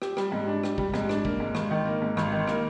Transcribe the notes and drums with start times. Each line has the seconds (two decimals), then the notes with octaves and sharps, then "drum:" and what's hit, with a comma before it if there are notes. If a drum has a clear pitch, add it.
0.02 G4, drum: rim click
0.17 G3, drum: rim click
0.32 G#2
0.47 D4
0.63 G4, drum: rim click
0.78 G3, drum: kick
0.94 G#2, drum: rim click
1.09 D4, drum: rim click
1.25 A#3, drum: kick
1.40 G#2
1.55 G#1, drum: rim click
1.71 D#3
1.85 A#3
2.02 G#2
2.17 G#1, drum: rim click
2.32 D#3
2.47 A#3, drum: rim click